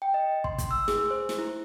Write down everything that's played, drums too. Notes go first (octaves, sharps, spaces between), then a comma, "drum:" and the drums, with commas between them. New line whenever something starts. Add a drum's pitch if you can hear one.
G5
D#5
C6, drum: kick
drum: kick, hi-hat
E6
G#4, drum: snare
C5
drum: snare
E4